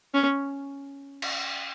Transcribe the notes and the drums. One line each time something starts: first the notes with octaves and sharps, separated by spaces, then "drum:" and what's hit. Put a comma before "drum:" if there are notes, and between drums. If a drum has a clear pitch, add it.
C#4
drum: cymbal